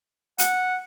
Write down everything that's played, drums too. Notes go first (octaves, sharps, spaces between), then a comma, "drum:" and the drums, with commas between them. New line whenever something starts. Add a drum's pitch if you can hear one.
F#5, drum: hi-hat